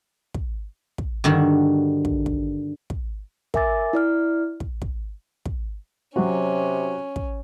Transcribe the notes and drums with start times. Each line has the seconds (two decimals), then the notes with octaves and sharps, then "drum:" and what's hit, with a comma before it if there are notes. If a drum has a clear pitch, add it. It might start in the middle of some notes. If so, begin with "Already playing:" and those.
0.34 drum: kick
0.98 drum: kick
1.24 G2 D3 D#3 F#4
2.05 drum: kick
2.26 drum: kick
2.90 drum: kick
3.54 A#4 E5 G#5 D6 A6, drum: kick
3.93 E4 D5 F6
4.60 drum: kick
4.82 drum: kick
5.45 drum: kick
6.16 C3 F#3 C#4 F#4
7.16 drum: kick